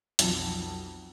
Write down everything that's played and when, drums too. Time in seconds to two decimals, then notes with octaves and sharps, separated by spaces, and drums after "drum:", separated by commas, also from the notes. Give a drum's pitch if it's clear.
0.19 B1 F2, drum: hi-hat